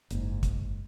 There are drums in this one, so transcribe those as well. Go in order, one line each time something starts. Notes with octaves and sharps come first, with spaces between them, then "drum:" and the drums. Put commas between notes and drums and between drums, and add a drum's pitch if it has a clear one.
F#1 G#2, drum: hi-hat
drum: kick, hi-hat